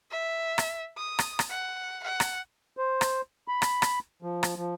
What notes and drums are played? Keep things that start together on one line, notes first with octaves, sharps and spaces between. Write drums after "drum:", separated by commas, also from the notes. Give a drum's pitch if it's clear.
E5
drum: rim click
D#6
drum: rim click
drum: rim click
F#5
F#5
drum: rim click
C5
drum: rim click
B5
drum: rim click
drum: rim click
F3
drum: rim click
F3